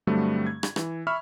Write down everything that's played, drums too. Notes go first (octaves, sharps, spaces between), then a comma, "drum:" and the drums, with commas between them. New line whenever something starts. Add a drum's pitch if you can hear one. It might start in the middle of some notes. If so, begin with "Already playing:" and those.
G2 D3 F#3 G3 A3 C4
G#6
drum: rim click
E3, drum: rim click
E5 B5 C#6 F6